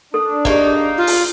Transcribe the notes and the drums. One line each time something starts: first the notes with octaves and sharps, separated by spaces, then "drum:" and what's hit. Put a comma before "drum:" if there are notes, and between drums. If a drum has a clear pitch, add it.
D4 A4
A#3 D#4 G4 G#4 D5, drum: kick
F4
drum: open hi-hat